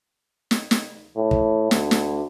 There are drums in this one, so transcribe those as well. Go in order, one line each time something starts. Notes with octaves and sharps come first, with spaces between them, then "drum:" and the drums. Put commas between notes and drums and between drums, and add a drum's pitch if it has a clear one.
drum: snare
drum: snare
A2
drum: kick
D2, drum: snare
drum: snare